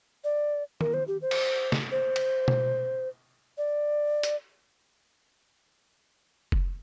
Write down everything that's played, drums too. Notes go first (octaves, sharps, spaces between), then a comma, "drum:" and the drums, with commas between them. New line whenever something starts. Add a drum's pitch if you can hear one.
D5
A#4, drum: tom D#3
C5
G4
C5
drum: cymbal
drum: snare
C5
drum: cymbal
drum: tom B2
D5
drum: hi-hat
drum: kick F1